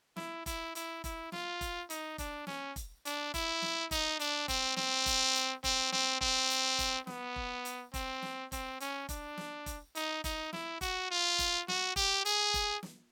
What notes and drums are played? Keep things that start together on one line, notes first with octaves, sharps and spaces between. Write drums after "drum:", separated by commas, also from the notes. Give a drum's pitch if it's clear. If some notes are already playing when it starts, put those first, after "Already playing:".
E4, drum: snare
E4, drum: kick F1, hi-hat
E4, drum: hi-hat
E4, drum: kick F1, hi-hat
F4, drum: snare
drum: kick F1, hi-hat
D#4, drum: hi-hat
D4, drum: kick F1, hi-hat
C#4, drum: snare
drum: kick F1, hi-hat
D4, drum: hi-hat
E4, drum: kick F1, hi-hat
drum: snare
D#4, drum: kick F1, hi-hat
D4, drum: hi-hat
C4, drum: kick F1, hi-hat
C4, drum: snare
drum: kick F1, hi-hat
drum: hi-hat
C4, drum: kick F1, hi-hat
C4, drum: snare
C4, drum: kick F1
drum: hi-hat
drum: kick F1, hi-hat
B3, drum: snare
drum: kick F1
drum: hi-hat
C4, drum: kick F1, hi-hat
drum: snare
C4, drum: kick F1, hi-hat
C#4, drum: hi-hat
D4, drum: kick F1, hi-hat
drum: snare
drum: kick F1, hi-hat
D#4, drum: hi-hat
D#4, drum: kick F1, hi-hat
E4, drum: snare
F#4, drum: kick F1, hi-hat
F4
drum: kick F1, hi-hat
F#4, drum: snare
G4, drum: kick F1, hi-hat
G#4, drum: hi-hat
drum: kick F1, hi-hat
drum: snare